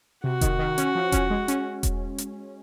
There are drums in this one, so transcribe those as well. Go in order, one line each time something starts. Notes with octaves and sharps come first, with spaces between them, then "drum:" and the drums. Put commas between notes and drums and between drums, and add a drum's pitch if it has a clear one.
C3 F#4
D#3, drum: kick E1, hi-hat
D#3
C#4, drum: hi-hat
F3
C#4, drum: kick E1, hi-hat
G#3
C#4, drum: hi-hat
drum: kick E1, hi-hat
drum: hi-hat